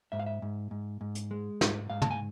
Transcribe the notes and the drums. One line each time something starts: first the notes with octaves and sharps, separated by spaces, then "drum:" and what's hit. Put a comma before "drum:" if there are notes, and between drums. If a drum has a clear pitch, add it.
G#2 E5
F5
E5
G#2
G#2
G#2
drum: hi-hat
G#3
G#2, drum: snare
G#2 F5
A5, drum: tom
G#5